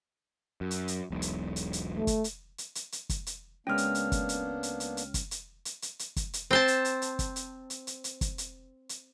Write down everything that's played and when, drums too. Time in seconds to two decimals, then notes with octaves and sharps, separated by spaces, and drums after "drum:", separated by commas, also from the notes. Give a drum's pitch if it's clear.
0.61 F#2
0.71 drum: hi-hat
0.88 drum: hi-hat
1.10 E1 B1
1.22 drum: hi-hat
1.56 drum: hi-hat
1.73 drum: hi-hat
1.96 A3
2.07 drum: kick, hi-hat
2.24 drum: hi-hat
2.58 drum: hi-hat
2.75 drum: hi-hat
2.92 drum: hi-hat
3.09 drum: kick, hi-hat
3.26 drum: hi-hat
3.67 C#2 G#3 A#3 B3 C#4 D4 G5 F6
3.78 drum: hi-hat
3.95 drum: hi-hat
4.12 drum: kick, hi-hat
4.29 drum: hi-hat
4.63 drum: hi-hat
4.80 drum: hi-hat
4.97 drum: hi-hat
5.14 drum: kick, hi-hat
5.31 drum: hi-hat
5.65 drum: hi-hat
5.82 drum: hi-hat
5.99 drum: hi-hat
6.16 drum: kick, hi-hat
6.33 drum: hi-hat
6.51 C4 C5 A5
6.68 drum: hi-hat
6.85 drum: hi-hat
7.02 drum: hi-hat
7.19 drum: kick, hi-hat
7.36 drum: hi-hat
7.70 drum: hi-hat
7.87 drum: hi-hat
8.04 drum: hi-hat
8.21 drum: kick, hi-hat
8.38 drum: hi-hat
8.89 drum: hi-hat